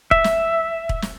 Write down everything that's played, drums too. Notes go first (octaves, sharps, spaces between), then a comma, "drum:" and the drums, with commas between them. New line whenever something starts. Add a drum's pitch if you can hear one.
E5, drum: kick
drum: snare
drum: kick
drum: snare